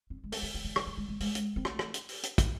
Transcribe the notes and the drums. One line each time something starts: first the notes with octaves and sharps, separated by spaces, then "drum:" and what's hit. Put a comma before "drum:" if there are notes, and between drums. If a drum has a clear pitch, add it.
C4
G#3
A3, drum: open hi-hat
A3
A3
A3
G#3, drum: rim click
F#3
G#3
A3
G#3, drum: open hi-hat
drum: hi-hat
C4
A3, drum: rim click
drum: rim click
drum: hi-hat
drum: open hi-hat
drum: hi-hat
drum: kick, hi-hat